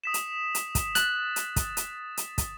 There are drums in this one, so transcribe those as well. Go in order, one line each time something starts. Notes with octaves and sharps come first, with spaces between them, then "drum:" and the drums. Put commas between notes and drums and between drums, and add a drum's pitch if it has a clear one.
D#6 B6 E7
drum: hi-hat
drum: hi-hat
drum: kick, hi-hat
F#6 A6, drum: hi-hat
drum: hi-hat
drum: kick, hi-hat
drum: hi-hat
drum: hi-hat
drum: kick, hi-hat